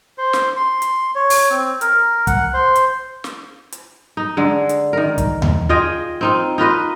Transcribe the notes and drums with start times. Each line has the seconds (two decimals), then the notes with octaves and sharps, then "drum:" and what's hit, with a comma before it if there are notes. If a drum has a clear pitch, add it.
0.18 C5
0.33 drum: snare
0.56 C6
0.82 drum: hi-hat
1.15 C#5
1.30 drum: open hi-hat
1.50 C4
1.81 A#4, drum: hi-hat
2.27 F#5, drum: kick, hi-hat
2.54 C5
2.76 drum: hi-hat
3.24 drum: snare
3.72 drum: hi-hat
4.17 D#4
4.37 D3 G#3
4.69 drum: hi-hat
4.93 D#3 A#4
5.18 drum: kick, hi-hat
5.42 drum: tom D#2
5.69 F4 G#4 D#5 G5
6.21 C4 D#4 F4
6.58 D#4 F4 B4 D#5